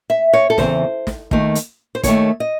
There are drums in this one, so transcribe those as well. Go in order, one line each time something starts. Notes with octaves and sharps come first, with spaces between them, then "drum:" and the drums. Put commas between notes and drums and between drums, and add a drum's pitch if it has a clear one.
E5
C#5
A4
E2 C#3 E3 C4 C5, drum: snare
drum: snare
D#2 D#3 A3, drum: kick
drum: hi-hat
C5
D#2 D#3 A3 C#5, drum: kick, hi-hat
D#5